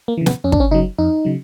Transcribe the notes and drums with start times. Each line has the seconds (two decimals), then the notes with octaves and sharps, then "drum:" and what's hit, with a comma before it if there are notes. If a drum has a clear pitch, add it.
0.08 A#3
0.17 C#3 E3
0.26 B3, drum: snare
0.44 F2 C#4
0.52 D4, drum: kick
0.60 C#4
0.71 C#3 F#3 D#4
0.98 F2 D#4
1.25 C#3 F#3